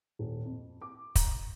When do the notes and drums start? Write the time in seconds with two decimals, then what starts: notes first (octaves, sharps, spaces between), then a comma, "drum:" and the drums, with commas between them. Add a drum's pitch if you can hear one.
0.19 D#1
0.45 F2
0.81 D6
1.15 A#5, drum: kick, hi-hat